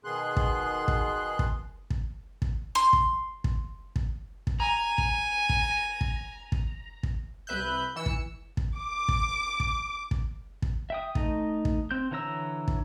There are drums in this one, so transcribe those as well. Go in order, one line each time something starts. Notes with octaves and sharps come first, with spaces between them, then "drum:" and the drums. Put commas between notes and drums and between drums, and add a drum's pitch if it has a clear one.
B2 D#3 B3 G#4 C6 F#6
drum: kick
drum: kick
drum: kick
drum: kick
drum: kick
C6
drum: kick
drum: kick
drum: kick
drum: kick
G#5 A#5
drum: kick
drum: kick
drum: kick
drum: kick
drum: kick
C2 B4 E5 F#6 G6
E3 E6 C#7
drum: kick
drum: kick
D6
drum: kick
drum: kick
drum: kick
drum: kick
E5 G5 D#6
A3 D#4 D#5, drum: kick
drum: kick
C4 G6
D3 E3 C#5 A#5 E6
drum: kick